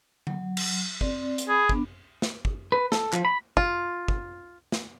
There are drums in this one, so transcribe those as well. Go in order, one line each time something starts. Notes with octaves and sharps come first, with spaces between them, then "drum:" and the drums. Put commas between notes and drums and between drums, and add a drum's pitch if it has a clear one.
F#3, drum: tom D3
drum: cymbal
C4 D5, drum: kick
drum: hi-hat
G#4 B5
B3 D4, drum: kick
drum: snare
drum: kick
B4
A4, drum: snare
F3, drum: clap
B5
F4, drum: kick
drum: kick
drum: snare